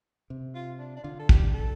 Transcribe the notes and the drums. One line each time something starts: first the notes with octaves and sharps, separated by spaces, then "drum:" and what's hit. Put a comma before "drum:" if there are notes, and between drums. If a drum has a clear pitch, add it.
C3
F4
D4
D4
D3 F4
A4
G4, drum: kick
A4